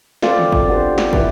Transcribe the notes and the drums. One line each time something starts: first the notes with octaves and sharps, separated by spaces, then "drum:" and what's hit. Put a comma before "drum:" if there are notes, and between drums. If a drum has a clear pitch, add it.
C4 F4 A4 D5, drum: snare
drum: tom
drum: kick
B3 D4 G4 C5
drum: snare
E4 B4, drum: kick